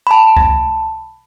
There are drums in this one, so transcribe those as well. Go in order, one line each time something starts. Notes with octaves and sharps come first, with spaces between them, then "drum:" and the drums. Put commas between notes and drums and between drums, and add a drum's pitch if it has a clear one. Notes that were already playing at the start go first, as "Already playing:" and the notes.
A5 B5
drum: kick C#2